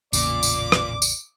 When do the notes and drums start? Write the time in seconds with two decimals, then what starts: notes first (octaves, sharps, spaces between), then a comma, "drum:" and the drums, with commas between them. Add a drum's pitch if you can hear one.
0.13 A1 E2 A#2 C#3 D5 D6, drum: tambourine
0.43 drum: tambourine
0.72 drum: rim click
1.02 drum: tambourine